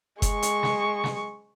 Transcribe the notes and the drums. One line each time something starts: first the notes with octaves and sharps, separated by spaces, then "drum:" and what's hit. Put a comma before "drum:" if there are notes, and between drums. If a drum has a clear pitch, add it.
G#3 C#6, drum: kick F#1, hi-hat
drum: hi-hat
drum: snare
drum: snare